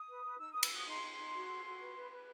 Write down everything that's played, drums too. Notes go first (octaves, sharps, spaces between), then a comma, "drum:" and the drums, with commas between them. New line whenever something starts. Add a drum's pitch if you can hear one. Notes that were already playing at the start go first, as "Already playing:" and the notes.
Already playing: D#6
B4
B4
D#4 E6
B4 D#6
E6, drum: cymbal
F#4 D#6
D#4 C6
D#4
D#4
F#4
A4
F#4
B4
B4
B4